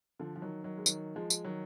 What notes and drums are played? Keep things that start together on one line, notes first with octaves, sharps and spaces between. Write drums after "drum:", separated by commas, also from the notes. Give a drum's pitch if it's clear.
D3 F3
F3
D#3 F#3
D#3 F#3
G#3
D#3 F#3, drum: tambourine
F3 G#3
drum: tambourine
D#3 F#3